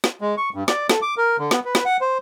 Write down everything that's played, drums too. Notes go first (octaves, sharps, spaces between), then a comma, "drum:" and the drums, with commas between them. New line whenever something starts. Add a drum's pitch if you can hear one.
drum: snare
G#3
C#6
G2
D5, drum: snare
A4, drum: snare
D6
A#4
D3
B3, drum: snare
B4
drum: snare
F#5
C5